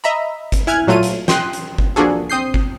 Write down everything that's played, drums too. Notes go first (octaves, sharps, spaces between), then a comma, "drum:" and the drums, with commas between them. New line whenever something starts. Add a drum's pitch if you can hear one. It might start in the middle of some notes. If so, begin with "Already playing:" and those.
D#5 E5 A#5 B5
drum: kick G1, hi-hat
E4 G#5 F6 F#6 G#6
A#2 F#3 A3 F4 D#7
drum: hi-hat
G5 C6 D#6 F#6, drum: snare
drum: hi-hat
drum: kick G1
F3 A#3 D4 F#4 G#4 A4
C4 D#6 G6 C7
drum: kick G1